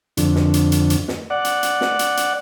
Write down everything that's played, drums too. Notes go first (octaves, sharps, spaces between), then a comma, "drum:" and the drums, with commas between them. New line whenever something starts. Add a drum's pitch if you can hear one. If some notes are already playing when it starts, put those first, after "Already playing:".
F2 D3, drum: hi-hat
drum: snare
drum: hi-hat
drum: hi-hat
drum: hi-hat
drum: snare
D5 F#5
drum: hi-hat
drum: hi-hat
drum: snare
drum: hi-hat
drum: hi-hat